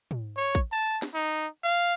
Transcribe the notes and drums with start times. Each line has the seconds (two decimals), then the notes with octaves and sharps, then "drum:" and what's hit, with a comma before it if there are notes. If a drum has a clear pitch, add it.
0.11 drum: tom
0.37 C#5
0.55 drum: kick
0.72 A5
1.02 drum: snare
1.14 D#4
1.64 F5